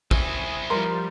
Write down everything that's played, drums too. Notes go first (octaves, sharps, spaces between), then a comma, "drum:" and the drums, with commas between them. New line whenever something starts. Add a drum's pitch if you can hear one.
C4 E4 G#5 D#6, drum: kick
F3 G3 A#4 C6